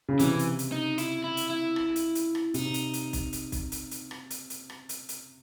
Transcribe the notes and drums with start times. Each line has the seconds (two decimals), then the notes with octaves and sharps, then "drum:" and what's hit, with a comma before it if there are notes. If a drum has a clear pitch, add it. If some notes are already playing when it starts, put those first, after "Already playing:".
0.09 C#3
0.19 C3 E3, drum: hi-hat
0.39 drum: hi-hat
0.59 drum: hi-hat
0.72 D#4
0.98 E4, drum: hi-hat
1.24 E4
1.37 drum: hi-hat
1.50 E4
1.76 drum: rim click
1.96 drum: hi-hat
2.15 drum: hi-hat
2.35 drum: rim click
2.54 C3 D#4, drum: hi-hat
2.74 drum: hi-hat
2.93 drum: hi-hat
3.13 drum: kick, hi-hat
3.33 drum: hi-hat
3.52 drum: kick, hi-hat
3.72 drum: hi-hat
3.91 drum: hi-hat
4.11 drum: rim click
4.30 drum: hi-hat
4.50 drum: hi-hat
4.70 drum: rim click
4.89 drum: hi-hat
5.09 drum: hi-hat